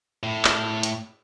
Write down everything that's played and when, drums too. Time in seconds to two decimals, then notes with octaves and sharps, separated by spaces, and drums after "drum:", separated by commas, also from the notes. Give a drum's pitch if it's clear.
0.23 A2
0.45 drum: clap
0.83 drum: hi-hat